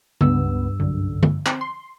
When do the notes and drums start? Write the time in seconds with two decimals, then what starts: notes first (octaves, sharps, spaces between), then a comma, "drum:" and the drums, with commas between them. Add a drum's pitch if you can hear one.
0.21 C#2 G2 B3 E6, drum: tom C#3
0.80 C2 F#2 D3
1.23 drum: tom D3
1.46 C4, drum: clap
1.61 C6